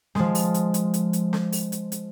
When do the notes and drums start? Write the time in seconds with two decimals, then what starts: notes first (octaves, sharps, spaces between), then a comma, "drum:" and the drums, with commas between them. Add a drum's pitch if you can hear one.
0.15 F3 G#3, drum: snare
0.35 drum: open hi-hat
0.54 drum: hi-hat
0.74 drum: hi-hat
0.94 drum: hi-hat
1.13 drum: hi-hat
1.33 drum: snare
1.52 drum: open hi-hat
1.72 drum: hi-hat
1.92 drum: hi-hat